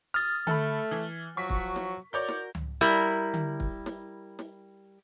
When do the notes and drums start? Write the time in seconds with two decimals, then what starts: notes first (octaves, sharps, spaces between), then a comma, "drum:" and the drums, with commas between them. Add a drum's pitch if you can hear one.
0.14 D#6 F6 A6
0.47 A3 A4 B5, drum: tom D3
0.91 E3
1.37 F3 F#3 C#6 B6
1.50 drum: kick
1.76 drum: snare
2.13 F#4 A#4 C#5 D5 G6
2.28 drum: snare
2.55 drum: tom C#2
2.81 G3 E4 A#4
3.34 drum: tom D3
3.60 drum: kick
3.86 drum: snare
4.39 drum: snare